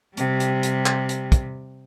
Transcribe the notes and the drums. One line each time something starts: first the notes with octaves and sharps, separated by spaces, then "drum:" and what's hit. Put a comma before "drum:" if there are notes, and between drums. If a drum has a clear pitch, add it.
C3 G3, drum: hi-hat
drum: hi-hat
drum: hi-hat
drum: clap
drum: hi-hat
drum: kick, hi-hat